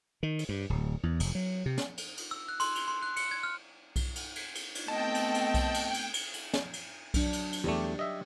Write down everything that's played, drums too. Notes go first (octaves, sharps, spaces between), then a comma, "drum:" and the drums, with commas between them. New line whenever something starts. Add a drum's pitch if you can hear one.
D#3
drum: cymbal
G2
D1
E2
F1, drum: cymbal
F#3
C3
drum: snare
drum: cymbal
drum: cymbal
E6
F#6
C6, drum: cymbal
F7, drum: cymbal
C6
F#6
C#7, drum: cymbal
G#6
F6
drum: kick B1, cymbal
drum: cymbal
drum: cymbal
drum: cymbal
drum: cymbal
A3 B3 C4 D#5 G5 A5
drum: cymbal
drum: cymbal
drum: kick B1, cymbal
drum: cymbal
drum: cymbal
drum: cymbal
drum: cymbal
drum: snare
drum: cymbal
F#3 D4, drum: kick B1, cymbal
drum: cymbal
drum: cymbal
E2 A3 G4 D5
D#5 E5